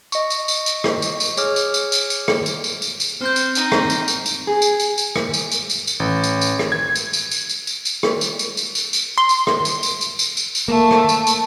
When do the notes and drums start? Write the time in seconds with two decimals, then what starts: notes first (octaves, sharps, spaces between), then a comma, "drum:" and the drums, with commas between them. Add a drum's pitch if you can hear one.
0.12 D#5 C#6, drum: tambourine
0.30 drum: tambourine
0.48 drum: tambourine
0.66 drum: tambourine
0.84 drum: rim click
1.02 drum: tambourine
1.20 drum: tambourine
1.37 G#4 C#5 D6 F6, drum: tambourine
1.56 drum: tambourine
1.74 drum: tambourine
1.92 drum: tambourine
2.10 drum: tambourine
2.28 drum: rim click
2.46 drum: tambourine
2.64 drum: tambourine
2.82 drum: tambourine
3.00 drum: tambourine
3.21 C4 C5 C6 F6 G6
3.36 drum: tambourine
3.55 D#4, drum: tambourine
3.72 drum: rim click
3.90 drum: tambourine
4.08 drum: tambourine
4.26 drum: tambourine
4.47 G#4
4.62 drum: tambourine
4.80 drum: tambourine
4.98 drum: tambourine
5.16 drum: rim click
5.34 drum: tambourine
5.52 drum: tambourine
5.70 drum: tambourine
5.87 drum: tambourine
6.00 A1
6.23 drum: tambourine
6.41 drum: tambourine
6.59 drum: rim click
6.72 G#6
6.95 drum: tambourine
7.13 drum: tambourine
7.31 drum: tambourine
7.49 drum: tambourine
7.67 drum: tambourine
7.85 drum: tambourine
8.03 drum: rim click
8.21 drum: tambourine
8.39 drum: tambourine
8.57 drum: tambourine
8.75 drum: tambourine
8.93 drum: tambourine
9.18 C6
9.29 drum: tambourine
9.47 drum: rim click
9.65 drum: tambourine
9.83 drum: tambourine
10.01 drum: tambourine
10.19 drum: tambourine
10.37 drum: tambourine
10.55 drum: tambourine
10.68 A3 A#3
10.91 drum: rim click
11.09 drum: tambourine
11.27 drum: tambourine